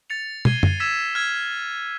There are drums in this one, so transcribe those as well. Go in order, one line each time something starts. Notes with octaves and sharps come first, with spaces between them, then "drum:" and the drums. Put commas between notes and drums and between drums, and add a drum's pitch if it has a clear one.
A6 C#7 F7
G#6 C7 D#7 G7, drum: tom
drum: tom
E6 G#6 B6 E7
F6 G#6